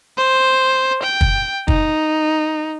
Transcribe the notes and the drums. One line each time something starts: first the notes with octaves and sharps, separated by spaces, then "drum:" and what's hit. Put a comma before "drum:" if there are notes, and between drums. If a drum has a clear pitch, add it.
C5
G5
drum: kick
D#4, drum: kick